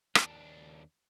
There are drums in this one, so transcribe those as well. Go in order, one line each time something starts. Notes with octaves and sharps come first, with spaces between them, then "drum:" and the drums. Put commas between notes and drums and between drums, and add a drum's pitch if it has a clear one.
D#2 D4, drum: rim click